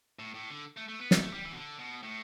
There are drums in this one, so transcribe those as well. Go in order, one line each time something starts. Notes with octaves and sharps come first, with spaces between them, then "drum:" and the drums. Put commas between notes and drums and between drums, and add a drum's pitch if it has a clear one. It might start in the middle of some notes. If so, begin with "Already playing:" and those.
A2
A2
D3
A3
A3
B3
A3, drum: snare
A3
G3
E3
B2
D3
B2
A2